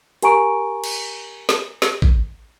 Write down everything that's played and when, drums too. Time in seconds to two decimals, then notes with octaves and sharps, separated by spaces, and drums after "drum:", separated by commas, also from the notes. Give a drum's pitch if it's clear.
0.22 G4 A#4 G#5 A#5 C#6 D7, drum: hi-hat
0.84 drum: cymbal
1.49 drum: snare
1.82 drum: snare
2.02 drum: kick G#1